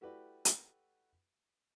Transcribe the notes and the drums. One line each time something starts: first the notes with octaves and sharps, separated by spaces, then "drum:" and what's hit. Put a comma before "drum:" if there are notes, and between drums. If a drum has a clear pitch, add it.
A3 E4 F#4 G4 B4 D5
drum: hi-hat